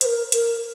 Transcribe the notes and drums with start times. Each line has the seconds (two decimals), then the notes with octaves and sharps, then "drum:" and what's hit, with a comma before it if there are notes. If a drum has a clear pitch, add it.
0.01 C5, drum: hi-hat
0.05 A#4
0.32 A#4, drum: hi-hat